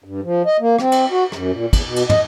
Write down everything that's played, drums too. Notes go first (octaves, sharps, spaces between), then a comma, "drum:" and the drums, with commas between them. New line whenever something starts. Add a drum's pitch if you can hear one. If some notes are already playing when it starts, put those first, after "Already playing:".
G2
F3
D#5
A#3
C4, drum: rim click
drum: cymbal
F#4
F#2, drum: rim click
A#2
E2, drum: kick, cymbal
B2
drum: cymbal
D#5, drum: tom